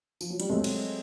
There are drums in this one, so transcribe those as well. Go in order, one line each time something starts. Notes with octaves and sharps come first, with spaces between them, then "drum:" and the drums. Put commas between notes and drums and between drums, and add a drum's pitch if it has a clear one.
F3, drum: tambourine
F#3
G3, drum: hi-hat
F#3 G#3 A3 C4
drum: cymbal